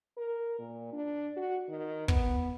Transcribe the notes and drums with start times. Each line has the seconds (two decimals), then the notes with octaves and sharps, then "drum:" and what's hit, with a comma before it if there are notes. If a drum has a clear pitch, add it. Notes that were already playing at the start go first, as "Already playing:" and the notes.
0.17 A#4
0.59 A#2
0.92 D4
1.37 F#4
1.69 D#3
2.08 B3, drum: kick